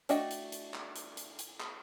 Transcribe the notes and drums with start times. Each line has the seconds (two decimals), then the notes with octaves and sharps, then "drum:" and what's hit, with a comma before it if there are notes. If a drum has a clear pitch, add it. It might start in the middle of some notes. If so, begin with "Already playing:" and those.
0.09 A3 D4 F#4 D#5 G5, drum: hi-hat
0.31 drum: hi-hat
0.52 drum: hi-hat
0.74 drum: clap
0.96 drum: hi-hat
1.17 drum: hi-hat
1.39 drum: hi-hat
1.60 drum: clap